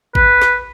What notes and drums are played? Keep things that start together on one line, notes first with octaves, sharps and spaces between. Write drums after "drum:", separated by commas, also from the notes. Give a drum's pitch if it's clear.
B4, drum: kick A1
drum: snare